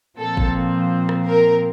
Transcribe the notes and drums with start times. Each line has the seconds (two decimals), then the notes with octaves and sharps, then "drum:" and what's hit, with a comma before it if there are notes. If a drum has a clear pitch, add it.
0.19 A#2 F3 C4 A4
0.37 drum: kick
1.09 drum: rim click
1.27 A#4